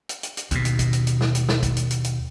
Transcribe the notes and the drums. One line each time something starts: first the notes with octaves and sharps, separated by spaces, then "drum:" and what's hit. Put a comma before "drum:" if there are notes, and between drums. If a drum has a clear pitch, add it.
drum: hi-hat
drum: hi-hat
drum: hi-hat
D#2 B2, drum: kick, hi-hat
drum: hi-hat
drum: kick, hi-hat
drum: hi-hat
drum: hi-hat
drum: snare
drum: hi-hat
drum: snare
drum: kick, hi-hat
drum: hi-hat
drum: hi-hat
drum: hi-hat